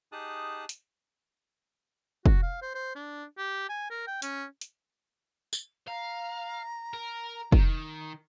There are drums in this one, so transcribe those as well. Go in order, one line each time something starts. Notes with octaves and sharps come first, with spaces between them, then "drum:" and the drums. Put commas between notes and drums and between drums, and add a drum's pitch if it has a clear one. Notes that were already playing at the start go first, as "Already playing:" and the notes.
D#4 G4 G#4 A5 D#6 F#6
drum: hi-hat
F#4, drum: kick
F5
C5
C5
D4
G4
G#5
A#4
G5
C#4, drum: hi-hat
drum: hi-hat
drum: tambourine
F5 A#5
A#4
D#3, drum: kick